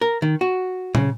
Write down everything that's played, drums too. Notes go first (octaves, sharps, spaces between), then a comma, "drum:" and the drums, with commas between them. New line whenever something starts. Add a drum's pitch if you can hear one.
A#4
D#3
F#4
C#3, drum: tom A#2